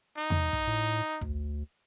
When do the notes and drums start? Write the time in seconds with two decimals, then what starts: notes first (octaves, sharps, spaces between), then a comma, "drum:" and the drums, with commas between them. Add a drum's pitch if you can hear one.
0.18 D#4
0.30 drum: tom E2
0.53 drum: kick
0.67 A2
1.21 D2, drum: kick